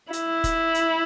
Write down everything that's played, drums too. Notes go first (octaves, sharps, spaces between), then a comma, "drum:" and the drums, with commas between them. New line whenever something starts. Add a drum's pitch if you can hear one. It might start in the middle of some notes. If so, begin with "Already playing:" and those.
E4, drum: hi-hat
drum: kick, hi-hat
drum: hi-hat